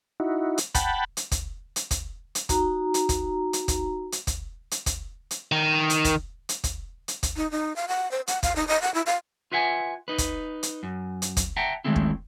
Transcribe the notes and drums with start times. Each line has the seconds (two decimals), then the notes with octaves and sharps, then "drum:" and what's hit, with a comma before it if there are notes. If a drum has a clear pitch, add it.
0.20 D#4 E4 F#4
0.58 drum: hi-hat
0.75 F#5 G5 A5 B5, drum: kick, hi-hat
1.17 drum: hi-hat
1.31 drum: kick, hi-hat
1.76 drum: hi-hat
1.91 drum: kick, hi-hat
2.35 drum: hi-hat
2.49 D#4 F#4 A#5, drum: kick, hi-hat
2.94 drum: hi-hat
3.09 drum: kick, hi-hat
3.53 drum: hi-hat
3.68 drum: kick, hi-hat
4.12 drum: hi-hat
4.27 drum: kick, hi-hat
4.71 drum: hi-hat
4.86 drum: kick, hi-hat
5.31 drum: hi-hat
5.52 D#3
5.90 drum: hi-hat
6.04 drum: kick, hi-hat
6.49 drum: hi-hat
6.64 drum: kick, hi-hat
7.08 drum: hi-hat
7.23 drum: kick, hi-hat
7.37 D#4
7.51 D#4
7.76 F5
7.88 F#5
8.11 C5
8.27 F#5, drum: hi-hat
8.43 F5, drum: kick, hi-hat
8.56 D#4
8.68 D#5
8.82 F#5
8.94 E4
9.06 F5
9.52 F4 B4 E5 F#5 G#5
10.08 D#4 B4
10.18 drum: kick, hi-hat
10.63 drum: hi-hat
10.83 F#2
11.22 drum: hi-hat
11.37 drum: kick, hi-hat
11.56 E5 F#5 G5 A5 A#5
11.84 D#3 G#3 A3 C4 E4
11.96 drum: kick